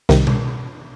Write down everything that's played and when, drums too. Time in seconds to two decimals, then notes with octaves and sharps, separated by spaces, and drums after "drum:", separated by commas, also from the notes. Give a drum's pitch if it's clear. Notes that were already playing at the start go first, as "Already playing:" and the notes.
0.09 C2 C3 D#3, drum: snare
0.27 drum: tom B2